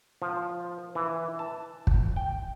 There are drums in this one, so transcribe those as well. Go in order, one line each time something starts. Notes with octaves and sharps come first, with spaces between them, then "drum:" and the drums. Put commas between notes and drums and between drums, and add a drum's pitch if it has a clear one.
F3
E3
A5
drum: kick
G5